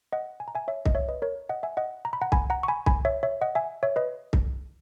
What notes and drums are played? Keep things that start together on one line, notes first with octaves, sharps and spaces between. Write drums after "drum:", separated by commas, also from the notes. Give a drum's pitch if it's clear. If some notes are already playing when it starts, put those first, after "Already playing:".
D#5 F#5
G#5
A#5
E5 G#5
C#5 E5
D#5, drum: kick C2
C#5 E5
B4 D#5
A#4 C#5
D#5 F#5
E5 G#5
D#5 F#5
A#5
B5
F#5 A#5
G#5 B5, drum: kick C2
F#5 A#5
C#6
G#5 B5
G#5 B5, drum: kick C2
C#5 E5
C#5 E5
D#5 F#5
E5 G#5
C#5 E5
B4 D#5
drum: kick C2